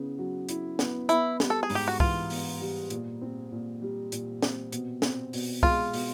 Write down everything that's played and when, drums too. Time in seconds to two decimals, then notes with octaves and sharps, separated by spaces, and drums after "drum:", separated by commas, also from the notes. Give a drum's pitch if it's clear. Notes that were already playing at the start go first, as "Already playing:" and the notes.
Already playing: C#3 B3 E4
0.19 F#3
0.49 E4, drum: hi-hat
0.79 B3, drum: snare
1.09 B3 E4, drum: hi-hat
1.40 G3, drum: snare
1.50 A4
1.63 G#4
1.70 G#2, drum: open hi-hat
1.75 G4
1.88 F#4
2.00 E3 F4, drum: kick C2
2.30 B3, drum: open hi-hat
2.61 G3
2.90 A#2, drum: hi-hat
3.21 C4
3.52 A#2
3.82 G3
4.12 A#2, drum: hi-hat
4.42 C4, drum: snare
4.72 B2, drum: hi-hat
5.02 C4, drum: snare
5.33 B2, drum: open hi-hat
5.63 G#3 F4, drum: kick C2
5.93 B2, drum: open hi-hat